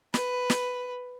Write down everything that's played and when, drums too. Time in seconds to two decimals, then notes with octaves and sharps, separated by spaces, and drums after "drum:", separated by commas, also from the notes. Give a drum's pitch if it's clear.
0.14 B4, drum: snare
0.50 drum: snare